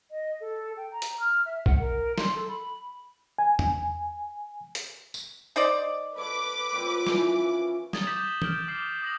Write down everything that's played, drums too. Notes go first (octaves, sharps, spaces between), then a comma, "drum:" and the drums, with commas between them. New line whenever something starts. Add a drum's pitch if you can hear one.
D#5
A4
G5
A#5
drum: hi-hat
F6
E5
F#5, drum: kick B1
A#4
C6, drum: snare
A4
B5
G#5
drum: tom E2
drum: hi-hat
drum: tambourine
D#4 C5 D5
A4 B4 C#5 B5 D6
A#2 F3 C4
E3 F3 C#4, drum: snare
D#6 G#6 A6 F#7 G7, drum: snare
D6 D#6 G6 B6 E7 F#7
F6 G6 D7 F#7 G7, drum: tom
D6 D#6 C7 F#7
D#6 A#6 F#7